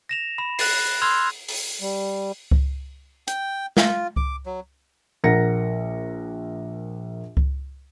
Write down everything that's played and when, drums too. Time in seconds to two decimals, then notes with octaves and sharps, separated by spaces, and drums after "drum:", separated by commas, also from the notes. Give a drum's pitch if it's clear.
0.09 A#6 E7 F7
0.38 B5 E7
0.59 F#6 A6 C7, drum: open hi-hat
1.02 C6 E6 F6 G#6 F7
1.48 drum: open hi-hat
1.81 G3
2.51 drum: kick C#2
3.28 G5, drum: hi-hat
3.77 F4, drum: snare
4.16 D6, drum: kick C#2
4.46 F#3
5.24 A#1 A#4 F#5 A#5 A#6 C#7
7.37 drum: kick C#2